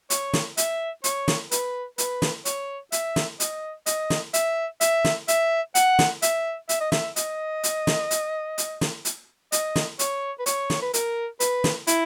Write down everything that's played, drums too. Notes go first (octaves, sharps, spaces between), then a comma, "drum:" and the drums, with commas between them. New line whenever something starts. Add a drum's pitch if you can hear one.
C#5, drum: hi-hat
drum: snare
E5, drum: hi-hat
C#5, drum: hi-hat
drum: snare
B4, drum: hi-hat
B4, drum: hi-hat
drum: snare
C#5, drum: hi-hat
E5, drum: hi-hat
drum: snare
D#5, drum: hi-hat
D#5, drum: hi-hat
drum: snare
E5, drum: hi-hat
E5, drum: hi-hat
drum: snare
E5, drum: hi-hat
F#5, drum: hi-hat
drum: snare
E5, drum: hi-hat
E5, drum: hi-hat
D#5
E5, drum: snare
D#5, drum: hi-hat
drum: hi-hat
drum: snare
drum: hi-hat
drum: hi-hat
drum: snare
drum: hi-hat
D#5, drum: hi-hat
drum: snare
C#5, drum: hi-hat
B4
C#5, drum: hi-hat
drum: snare
B4
A#4, drum: hi-hat
B4, drum: hi-hat
drum: snare
E4, drum: hi-hat